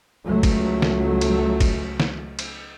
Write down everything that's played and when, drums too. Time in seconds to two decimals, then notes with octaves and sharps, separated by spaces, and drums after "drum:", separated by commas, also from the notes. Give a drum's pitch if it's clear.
0.24 C#2 F#3 A3
0.43 drum: kick, cymbal
0.82 drum: snare
1.21 drum: cymbal
1.61 drum: kick, cymbal
2.00 drum: snare
2.39 drum: cymbal